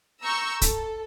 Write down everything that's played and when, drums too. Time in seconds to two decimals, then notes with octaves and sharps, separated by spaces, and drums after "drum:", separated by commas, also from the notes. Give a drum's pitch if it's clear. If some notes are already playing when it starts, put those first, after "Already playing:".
0.21 A#5 C#6 E6 G6
0.62 A4, drum: kick, hi-hat